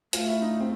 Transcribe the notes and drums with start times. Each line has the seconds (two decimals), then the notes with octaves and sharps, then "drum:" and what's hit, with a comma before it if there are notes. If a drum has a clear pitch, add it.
0.13 A3 F4, drum: hi-hat
0.28 E4
0.42 D#4
0.60 C4